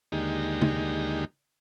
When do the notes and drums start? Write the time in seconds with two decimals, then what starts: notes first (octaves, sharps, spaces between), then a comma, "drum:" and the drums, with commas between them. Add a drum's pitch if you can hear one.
0.12 D#2 D3 G#3 A#3 D#4 G4
0.62 drum: tom C#3